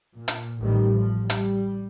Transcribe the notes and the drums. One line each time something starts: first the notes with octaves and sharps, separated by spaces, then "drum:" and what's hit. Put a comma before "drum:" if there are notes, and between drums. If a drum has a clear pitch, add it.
A#2
drum: hi-hat
A1 A2 D#3 G3
F3
G3, drum: hi-hat